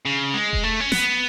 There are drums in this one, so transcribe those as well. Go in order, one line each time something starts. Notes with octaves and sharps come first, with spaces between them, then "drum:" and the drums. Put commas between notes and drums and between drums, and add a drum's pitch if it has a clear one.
C#3
G#3
drum: kick E1
A3
C#4
B3, drum: snare